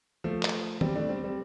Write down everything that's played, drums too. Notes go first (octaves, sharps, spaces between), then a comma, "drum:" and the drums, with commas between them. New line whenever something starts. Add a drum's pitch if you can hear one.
F3 A3
drum: clap
G3 C4, drum: tom
A3 D4
G3 C4
G3 C4